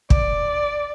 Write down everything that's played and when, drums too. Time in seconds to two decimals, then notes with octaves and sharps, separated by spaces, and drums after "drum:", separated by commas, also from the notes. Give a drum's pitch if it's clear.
0.10 D5, drum: kick